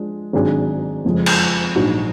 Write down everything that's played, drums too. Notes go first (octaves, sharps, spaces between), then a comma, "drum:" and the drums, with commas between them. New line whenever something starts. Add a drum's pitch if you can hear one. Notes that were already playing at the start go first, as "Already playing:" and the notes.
Already playing: F3 G#3 D4
G#1 G#2 F#3 D4 G#4
F#1 F2 F3 G#3
drum: cymbal
A#1 G#2 F#3 D4 F#4